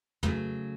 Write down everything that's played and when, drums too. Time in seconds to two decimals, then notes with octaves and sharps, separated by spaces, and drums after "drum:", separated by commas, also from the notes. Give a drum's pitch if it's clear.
0.23 C#3 F#3 A3, drum: tom